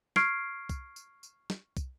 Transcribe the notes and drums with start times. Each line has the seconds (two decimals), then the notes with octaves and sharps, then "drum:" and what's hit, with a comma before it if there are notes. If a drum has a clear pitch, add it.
0.16 C#6 F6 G#6 C7 D7, drum: snare
0.69 drum: kick, tambourine
0.96 drum: tambourine
1.23 drum: tambourine
1.50 drum: snare
1.77 drum: kick, tambourine